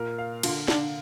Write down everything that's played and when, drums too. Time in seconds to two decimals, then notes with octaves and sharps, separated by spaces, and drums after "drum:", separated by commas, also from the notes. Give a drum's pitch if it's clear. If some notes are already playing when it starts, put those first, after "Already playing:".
Already playing: A#2 A#4
0.18 F5
0.43 D3 F4, drum: cymbal
0.68 D3 D4, drum: snare